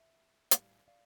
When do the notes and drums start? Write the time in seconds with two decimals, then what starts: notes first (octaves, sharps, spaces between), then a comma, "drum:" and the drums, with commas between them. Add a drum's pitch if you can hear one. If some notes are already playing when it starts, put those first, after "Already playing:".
Already playing: E5
0.51 A2 G3 D5 F5, drum: hi-hat
0.88 D5 F5